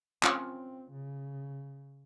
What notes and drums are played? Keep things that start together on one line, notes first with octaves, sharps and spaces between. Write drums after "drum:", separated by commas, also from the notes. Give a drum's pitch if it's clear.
C4 C#4 F4, drum: clap
C#3